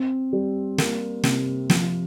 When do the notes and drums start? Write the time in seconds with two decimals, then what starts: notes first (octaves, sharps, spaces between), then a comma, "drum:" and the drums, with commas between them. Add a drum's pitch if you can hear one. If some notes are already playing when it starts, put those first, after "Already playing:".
Already playing: C4
0.33 G3
0.78 A#3, drum: snare
1.23 C3, drum: snare
1.70 F3, drum: snare